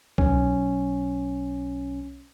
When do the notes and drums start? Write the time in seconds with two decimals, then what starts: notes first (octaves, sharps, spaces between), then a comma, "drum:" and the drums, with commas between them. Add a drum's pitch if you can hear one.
0.18 B1 C#4, drum: kick C2